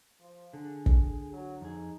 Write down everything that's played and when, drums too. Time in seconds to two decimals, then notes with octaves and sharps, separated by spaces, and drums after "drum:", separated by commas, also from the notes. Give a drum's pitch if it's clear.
0.20 F3
0.53 D3 G#4
0.86 drum: kick
1.33 F#3
1.61 F2 D#4 G#4